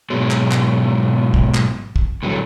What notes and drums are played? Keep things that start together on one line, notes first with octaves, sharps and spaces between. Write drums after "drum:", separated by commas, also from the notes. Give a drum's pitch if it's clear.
G#2 B2 F#3 G#3
drum: clap
drum: clap
drum: kick
drum: clap
drum: kick
A2 D3 F#3 G3